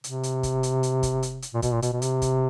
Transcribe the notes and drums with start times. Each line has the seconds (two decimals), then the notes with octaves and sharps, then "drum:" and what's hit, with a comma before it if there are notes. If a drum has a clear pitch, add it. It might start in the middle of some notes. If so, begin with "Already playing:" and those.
0.04 C3, drum: hi-hat
0.23 drum: hi-hat
0.43 drum: kick, hi-hat
0.63 drum: hi-hat
0.83 drum: hi-hat
1.03 drum: kick, hi-hat
1.23 drum: hi-hat
1.42 drum: hi-hat
1.54 A#2
1.62 B2, drum: kick, hi-hat
1.72 A#2
1.82 B2, drum: hi-hat
1.92 B2
2.02 C3, drum: hi-hat
2.22 drum: kick, hi-hat